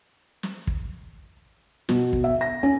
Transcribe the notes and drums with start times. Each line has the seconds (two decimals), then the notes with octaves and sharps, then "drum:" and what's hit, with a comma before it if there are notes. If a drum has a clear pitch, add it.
0.43 drum: snare
0.67 drum: kick
1.89 B2, drum: snare
2.13 drum: kick
2.24 E5
2.41 A#6
2.63 C#4